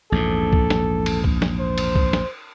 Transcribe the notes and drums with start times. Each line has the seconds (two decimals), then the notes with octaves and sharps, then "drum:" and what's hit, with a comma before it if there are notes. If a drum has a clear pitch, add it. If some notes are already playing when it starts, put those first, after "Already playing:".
0.12 A#1 E2 G#2 A4
0.53 drum: kick C2
0.70 drum: snare
1.06 drum: cymbal
1.24 drum: kick C2
1.42 drum: snare
1.60 C5
1.78 drum: cymbal
1.95 drum: kick C2
2.13 drum: snare